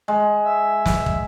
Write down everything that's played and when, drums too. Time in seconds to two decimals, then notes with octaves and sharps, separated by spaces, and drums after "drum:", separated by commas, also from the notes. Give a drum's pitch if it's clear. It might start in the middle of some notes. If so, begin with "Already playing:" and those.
0.08 G#3
0.44 E5
0.86 drum: snare
1.06 drum: kick